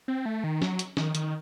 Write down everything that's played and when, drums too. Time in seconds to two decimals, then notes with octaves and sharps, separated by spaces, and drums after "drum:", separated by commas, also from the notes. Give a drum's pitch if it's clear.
0.08 C4
0.26 A3
0.44 D#3
0.62 F#3, drum: snare
0.79 drum: hi-hat
0.97 D#3, drum: snare
1.15 D#3, drum: hi-hat